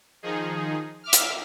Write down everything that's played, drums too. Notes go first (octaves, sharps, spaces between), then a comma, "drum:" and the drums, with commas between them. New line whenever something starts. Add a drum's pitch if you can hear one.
D#3 F3 D#4 G#4
E5 D6 F6
drum: hi-hat